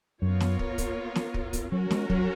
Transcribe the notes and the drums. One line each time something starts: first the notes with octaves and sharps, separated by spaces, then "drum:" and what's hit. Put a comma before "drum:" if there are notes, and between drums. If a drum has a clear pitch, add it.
F#2 B3 F4 A#4 C#5
drum: snare
drum: kick
drum: kick, hi-hat
drum: snare
drum: kick
drum: kick, hi-hat
F#3 C#4 F#4 A#4
G#3, drum: snare
F#3, drum: kick